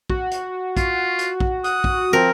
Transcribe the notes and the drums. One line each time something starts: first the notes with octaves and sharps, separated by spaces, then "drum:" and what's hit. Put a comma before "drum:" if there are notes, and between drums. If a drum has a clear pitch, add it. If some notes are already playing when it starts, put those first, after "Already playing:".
F#4, drum: kick
drum: hi-hat
F4, drum: kick, hi-hat
drum: hi-hat
drum: kick
F#5 D#6, drum: hi-hat
drum: kick
F3 C4 A#4